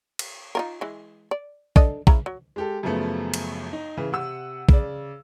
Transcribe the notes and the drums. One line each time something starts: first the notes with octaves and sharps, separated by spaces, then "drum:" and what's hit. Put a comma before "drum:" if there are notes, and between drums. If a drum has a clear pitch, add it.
drum: cymbal
D#4 F4 A#4
E3 G#3
D5
D4 A4 D#5, drum: kick A#1
C#3 E4 A#5, drum: kick A#1
F#3
G#3 G4 A4
F#2 C#3 F3 A3 B3
drum: cymbal
D#4
C#3 E3
C3 F#5 E6
C#3 D5, drum: kick A#1